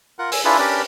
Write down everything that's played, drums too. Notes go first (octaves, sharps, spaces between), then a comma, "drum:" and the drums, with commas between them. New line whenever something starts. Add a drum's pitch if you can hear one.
F4 A#4 F#5
G#5 E6, drum: open hi-hat
D4 E4 F4 G#4 A4 B4
C#4 D4 G4 A#4 B4 D5